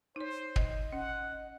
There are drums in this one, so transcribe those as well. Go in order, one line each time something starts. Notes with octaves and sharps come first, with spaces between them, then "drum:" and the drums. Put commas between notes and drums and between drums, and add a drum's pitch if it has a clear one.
D#4 C5 C#5
D#5, drum: kick
C#4 F#5